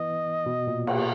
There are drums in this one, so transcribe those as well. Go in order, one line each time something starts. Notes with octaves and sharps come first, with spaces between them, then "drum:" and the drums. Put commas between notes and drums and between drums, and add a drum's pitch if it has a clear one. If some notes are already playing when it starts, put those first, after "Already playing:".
Already playing: E3 B3 D#5
B2
A#2
A#2, drum: cymbal